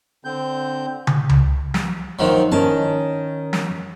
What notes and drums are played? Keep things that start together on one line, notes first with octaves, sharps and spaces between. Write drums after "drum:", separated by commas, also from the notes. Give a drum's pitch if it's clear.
D3 C4 G6
drum: tom
drum: tom C#2
drum: snare
D#3 F3 F#3
D#3 C#4 A5
drum: snare